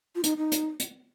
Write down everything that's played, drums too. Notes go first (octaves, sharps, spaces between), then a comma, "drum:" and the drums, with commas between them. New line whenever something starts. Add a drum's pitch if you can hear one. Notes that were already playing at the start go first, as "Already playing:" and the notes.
F4
D#4, drum: hi-hat
D#4
drum: hi-hat
drum: hi-hat